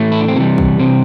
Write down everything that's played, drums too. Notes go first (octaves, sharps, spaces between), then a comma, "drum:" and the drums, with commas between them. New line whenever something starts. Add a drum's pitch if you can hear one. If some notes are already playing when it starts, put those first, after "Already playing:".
Already playing: A2 E3 A3
E4
D4
C4
C3 E3 G3 A#3
drum: kick
C3 C4